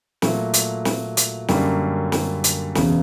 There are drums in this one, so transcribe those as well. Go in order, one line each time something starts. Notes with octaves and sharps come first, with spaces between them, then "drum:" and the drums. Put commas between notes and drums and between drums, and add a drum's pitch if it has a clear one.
A#2 F#3 A3, drum: snare
drum: hi-hat
drum: snare
drum: hi-hat
F#2 D3 G3 A#3 C#4, drum: snare
drum: snare
drum: hi-hat
E1 E2 C#3, drum: snare